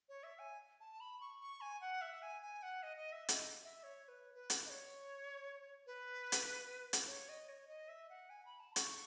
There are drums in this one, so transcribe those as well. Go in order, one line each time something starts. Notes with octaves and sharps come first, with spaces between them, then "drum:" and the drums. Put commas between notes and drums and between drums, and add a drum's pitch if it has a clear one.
C#5
E5
G#5
A5
B5
C#6
C#6
G#5
F#5
E5
G#5
G#5
F#5
D#5
D#5
E5
D#5, drum: hi-hat
E5
C#5
C#5
B4
B4
drum: hi-hat
D#5
C#5
B4
drum: hi-hat
drum: hi-hat
C#5
D#5
C#5
D#5
E5
F#5
G#5
B5
A5
C#6, drum: hi-hat